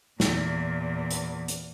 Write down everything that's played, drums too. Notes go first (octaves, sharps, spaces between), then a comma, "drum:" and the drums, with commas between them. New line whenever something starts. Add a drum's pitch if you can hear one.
E2 A#2, drum: snare
drum: hi-hat
drum: hi-hat